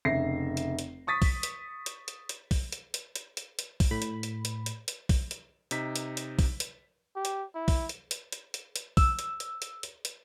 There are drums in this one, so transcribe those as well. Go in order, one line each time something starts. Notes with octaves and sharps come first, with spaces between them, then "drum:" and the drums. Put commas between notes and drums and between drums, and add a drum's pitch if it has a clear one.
F1 C#3 E5 A#6 C7
drum: hi-hat
drum: hi-hat
C#6 D#6 A6 B6
drum: kick, open hi-hat
drum: hi-hat
drum: hi-hat
drum: hi-hat
drum: hi-hat
drum: kick, open hi-hat
drum: hi-hat
drum: hi-hat
drum: hi-hat
drum: hi-hat
drum: hi-hat
drum: kick, open hi-hat
A2 B5
drum: hi-hat
drum: hi-hat
drum: hi-hat
drum: hi-hat
drum: hi-hat
drum: kick, open hi-hat
drum: hi-hat
C3 D#4 B6, drum: hi-hat
drum: hi-hat
drum: hi-hat
drum: kick, open hi-hat
drum: hi-hat
G4
drum: hi-hat
E4
drum: kick, open hi-hat
drum: hi-hat
drum: hi-hat
drum: hi-hat
drum: hi-hat
drum: hi-hat
E6, drum: kick, open hi-hat
drum: hi-hat
drum: hi-hat
drum: hi-hat
drum: hi-hat
drum: hi-hat